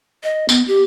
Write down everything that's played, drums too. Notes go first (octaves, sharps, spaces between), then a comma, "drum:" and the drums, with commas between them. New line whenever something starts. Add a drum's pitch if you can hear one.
D#5
B3, drum: tambourine
G4